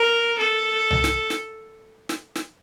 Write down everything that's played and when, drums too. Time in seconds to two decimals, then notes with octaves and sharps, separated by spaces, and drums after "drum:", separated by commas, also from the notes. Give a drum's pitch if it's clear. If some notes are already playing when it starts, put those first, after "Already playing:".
Already playing: A#4
0.38 A4
0.91 drum: tom C2
1.04 drum: snare
1.30 drum: snare
2.09 drum: snare
2.35 drum: snare